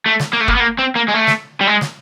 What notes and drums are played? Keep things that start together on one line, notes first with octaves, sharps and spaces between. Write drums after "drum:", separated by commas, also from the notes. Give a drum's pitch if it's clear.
A3
drum: snare
A#3
A3
A#3, drum: kick
B3
A#3
C4
A#3
G#3
A3
drum: snare
G3
G#3
drum: snare